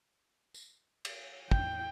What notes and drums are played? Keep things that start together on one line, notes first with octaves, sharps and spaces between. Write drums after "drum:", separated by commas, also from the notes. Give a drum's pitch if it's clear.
drum: tambourine
drum: cymbal
G5, drum: kick